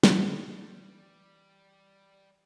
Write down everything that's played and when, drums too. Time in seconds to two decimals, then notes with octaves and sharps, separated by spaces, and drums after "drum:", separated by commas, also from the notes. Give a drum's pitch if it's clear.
0.03 E3 G3, drum: snare